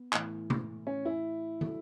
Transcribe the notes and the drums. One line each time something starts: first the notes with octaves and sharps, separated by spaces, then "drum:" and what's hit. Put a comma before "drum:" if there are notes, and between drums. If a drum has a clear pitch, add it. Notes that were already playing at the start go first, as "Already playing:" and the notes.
Already playing: B3
A2 E3, drum: clap
drum: tom C3
C#4
E4
D3 F#3, drum: tom